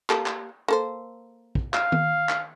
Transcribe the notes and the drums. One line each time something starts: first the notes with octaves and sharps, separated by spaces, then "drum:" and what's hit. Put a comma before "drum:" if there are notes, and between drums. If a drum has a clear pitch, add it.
A#3 G4 A4, drum: clap
drum: clap
A#3 A4 C5
drum: kick
F5, drum: clap
drum: tom D#3
drum: clap